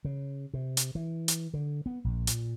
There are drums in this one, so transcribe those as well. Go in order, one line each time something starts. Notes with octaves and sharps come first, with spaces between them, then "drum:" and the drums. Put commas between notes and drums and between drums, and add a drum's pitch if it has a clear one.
C#3
C3
drum: hi-hat
E3
drum: hi-hat
D3
B3
A#1
A#2, drum: hi-hat